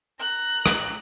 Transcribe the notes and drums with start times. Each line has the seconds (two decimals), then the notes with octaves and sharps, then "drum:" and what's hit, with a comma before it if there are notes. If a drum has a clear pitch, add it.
0.20 A#5 F#6
0.66 drum: rim click